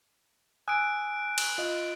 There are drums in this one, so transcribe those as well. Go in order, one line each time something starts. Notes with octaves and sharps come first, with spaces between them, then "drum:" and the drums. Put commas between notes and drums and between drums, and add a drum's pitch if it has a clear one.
G#5 D#6 E6 F#6 D7
drum: cymbal
F4 D#5